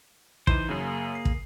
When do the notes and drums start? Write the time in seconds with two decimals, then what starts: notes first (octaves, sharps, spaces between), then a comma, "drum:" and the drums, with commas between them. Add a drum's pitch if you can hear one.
0.47 E3 D#4 C5 D#7, drum: kick
0.69 F#2 C#3 A#3 G#4
1.15 C7
1.25 drum: kick